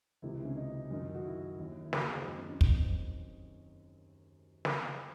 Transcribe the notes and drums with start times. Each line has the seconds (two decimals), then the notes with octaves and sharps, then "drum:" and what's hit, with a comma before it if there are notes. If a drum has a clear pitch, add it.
0.22 C#2 C3 D#3 E4
0.34 E4
0.45 C#4
0.56 D#4
0.91 F#2 D#3
1.15 F#4
1.24 E4
1.59 D#2 D#3
1.85 E4
1.93 F#4, drum: snare
2.04 G#4
2.15 C5
2.26 F#2 D#3 D#4
2.38 C4
2.49 C#4
2.61 drum: kick
4.65 drum: snare